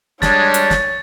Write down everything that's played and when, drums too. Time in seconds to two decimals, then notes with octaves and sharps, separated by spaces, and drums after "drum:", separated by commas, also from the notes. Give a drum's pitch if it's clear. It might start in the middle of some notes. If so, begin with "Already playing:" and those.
0.22 G3 G#3 D4 C#5 A6, drum: snare
0.54 drum: hi-hat
0.70 drum: snare